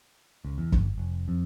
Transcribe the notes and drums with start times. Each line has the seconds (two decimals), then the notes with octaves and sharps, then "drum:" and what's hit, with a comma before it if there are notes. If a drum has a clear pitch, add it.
0.45 C#2
0.58 E2
0.72 G1, drum: kick
0.98 F1
1.28 F2